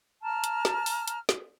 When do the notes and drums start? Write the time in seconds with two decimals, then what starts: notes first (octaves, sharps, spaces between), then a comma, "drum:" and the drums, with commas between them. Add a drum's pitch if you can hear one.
0.22 A5 A#5 F6
0.44 drum: hi-hat
0.65 drum: snare
0.86 drum: open hi-hat
1.08 drum: hi-hat
1.29 drum: snare